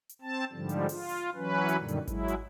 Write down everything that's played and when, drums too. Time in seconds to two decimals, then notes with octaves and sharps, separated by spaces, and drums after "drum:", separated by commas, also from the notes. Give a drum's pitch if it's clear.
0.09 drum: hi-hat
0.22 C4 A5
0.52 G#2 D3 F3 G3
0.69 drum: hi-hat
0.89 F4, drum: open hi-hat
1.09 drum: hi-hat
1.35 E3 F#3 C#4 B4
1.68 drum: hi-hat
1.78 F#2 A#2 D3 D#3 G3
1.88 drum: hi-hat
2.07 F#3 G#3 E4, drum: kick G#1, hi-hat
2.28 drum: hi-hat